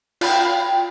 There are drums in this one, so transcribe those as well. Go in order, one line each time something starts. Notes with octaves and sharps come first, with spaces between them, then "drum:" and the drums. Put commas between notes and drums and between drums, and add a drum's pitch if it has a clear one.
F4 G5 B5, drum: cymbal